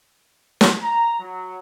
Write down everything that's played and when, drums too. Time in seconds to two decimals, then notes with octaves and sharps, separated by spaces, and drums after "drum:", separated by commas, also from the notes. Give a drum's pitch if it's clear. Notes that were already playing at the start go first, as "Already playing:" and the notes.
0.61 drum: snare
0.82 A#5
1.19 F#3